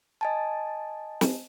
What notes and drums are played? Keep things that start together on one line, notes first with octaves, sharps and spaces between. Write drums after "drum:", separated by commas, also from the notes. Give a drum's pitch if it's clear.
D#5 G#5 A5
drum: snare